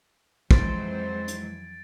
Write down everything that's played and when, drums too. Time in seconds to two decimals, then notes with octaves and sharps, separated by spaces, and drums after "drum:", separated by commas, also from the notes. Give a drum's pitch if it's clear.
0.51 F2 E3 F#3 G#3 C5 G#6 A6 D7, drum: kick
1.28 drum: hi-hat